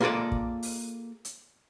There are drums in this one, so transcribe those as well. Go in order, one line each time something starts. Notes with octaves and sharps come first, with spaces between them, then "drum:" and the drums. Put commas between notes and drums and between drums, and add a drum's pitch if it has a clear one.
A#3 F4 G#4 A4 D5
drum: kick
drum: open hi-hat
drum: hi-hat